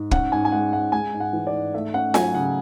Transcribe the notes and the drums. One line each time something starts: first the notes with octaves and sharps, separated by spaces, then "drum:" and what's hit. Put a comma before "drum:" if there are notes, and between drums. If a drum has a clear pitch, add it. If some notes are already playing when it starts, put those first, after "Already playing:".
Already playing: G#2
C#4 F#5, drum: kick
G#2 G#5
G#5
G#3 F#5
G#2 F#5
G#3 G#5
G#2
F#5
E3
D5
G#2
A3 E5
C#4 F#5
F#3 G#5, drum: snare F4
C#3 F#5